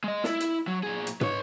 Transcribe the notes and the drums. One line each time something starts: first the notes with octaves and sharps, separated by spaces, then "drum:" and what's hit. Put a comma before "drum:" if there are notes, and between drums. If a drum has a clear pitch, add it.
G#3 D#5
E4, drum: snare
drum: hi-hat
F#3
A#2 G#4
drum: hi-hat
B4 C#5, drum: tom